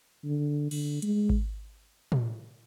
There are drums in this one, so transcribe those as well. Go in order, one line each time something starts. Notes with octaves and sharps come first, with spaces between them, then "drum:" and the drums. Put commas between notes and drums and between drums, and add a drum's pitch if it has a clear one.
D3
D3, drum: cymbal
G#3, drum: hi-hat
drum: kick G#1
drum: tom